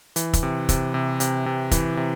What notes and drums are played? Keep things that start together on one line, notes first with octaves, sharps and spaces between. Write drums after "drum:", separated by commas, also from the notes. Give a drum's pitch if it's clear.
E3, drum: hi-hat
drum: kick, hi-hat
C3
C3, drum: kick, hi-hat
C3
C3, drum: hi-hat
C3
E3, drum: kick, hi-hat
C3